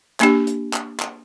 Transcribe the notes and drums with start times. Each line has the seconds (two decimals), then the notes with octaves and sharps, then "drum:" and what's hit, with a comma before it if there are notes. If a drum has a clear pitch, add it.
0.20 A#3 D4 G4, drum: clap
0.47 drum: hi-hat
0.73 drum: clap
1.00 drum: clap